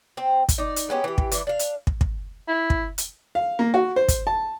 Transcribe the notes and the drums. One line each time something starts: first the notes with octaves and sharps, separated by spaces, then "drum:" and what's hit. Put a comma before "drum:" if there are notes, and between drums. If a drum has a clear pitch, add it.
C4 C5
drum: kick, hi-hat
D#4 D5
drum: hi-hat
G#3 B3 C#4 G4
E3 G4
drum: kick
E3 D4, drum: hi-hat
D4 F5
drum: hi-hat
drum: kick
drum: kick
E4
drum: kick
drum: hi-hat
F5
A#3
F#4
C5
drum: kick, hi-hat
A5